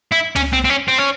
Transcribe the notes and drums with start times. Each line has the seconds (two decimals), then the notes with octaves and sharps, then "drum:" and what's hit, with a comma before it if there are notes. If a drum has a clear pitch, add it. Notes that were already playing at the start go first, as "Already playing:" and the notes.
0.12 E4
0.36 C#4, drum: tom
0.53 C4
0.65 C4
0.70 C#4
0.88 C4
0.98 C#4